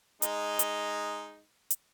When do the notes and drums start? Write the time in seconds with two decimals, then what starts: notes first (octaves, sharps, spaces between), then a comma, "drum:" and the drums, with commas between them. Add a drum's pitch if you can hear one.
0.22 G#3 D#4, drum: hi-hat
0.59 drum: hi-hat
1.70 drum: hi-hat